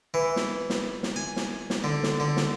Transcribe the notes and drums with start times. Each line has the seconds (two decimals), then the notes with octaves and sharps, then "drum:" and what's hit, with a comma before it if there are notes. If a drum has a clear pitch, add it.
0.14 E3
0.36 drum: snare
0.70 drum: snare
1.03 drum: snare
1.16 G#5
1.36 drum: snare
1.70 drum: snare
1.84 D3
2.03 drum: snare
2.20 D3
2.37 drum: snare